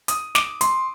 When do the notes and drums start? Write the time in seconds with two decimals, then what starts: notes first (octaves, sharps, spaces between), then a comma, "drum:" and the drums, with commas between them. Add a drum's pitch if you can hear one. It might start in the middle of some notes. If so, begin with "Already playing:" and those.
0.08 D#6, drum: hi-hat
0.35 D6, drum: snare
0.61 C6, drum: hi-hat